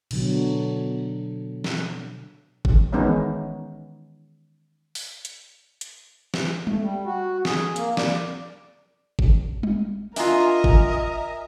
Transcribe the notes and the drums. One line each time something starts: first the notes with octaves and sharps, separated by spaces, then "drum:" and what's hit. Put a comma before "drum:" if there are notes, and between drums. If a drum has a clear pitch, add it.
B2 D3 F#3, drum: cymbal
drum: snare
drum: kick G1
D#3 E3 G#3 B3 C#4 D#4
drum: open hi-hat
drum: hi-hat
drum: hi-hat
drum: snare
A3, drum: tom G3
G3
F#4
G#4, drum: snare
A#3, drum: hi-hat
D5, drum: snare
drum: kick G1
drum: tom G3
D4 F4 A#4 D#5 E5 G#5 A#5, drum: open hi-hat
drum: kick G1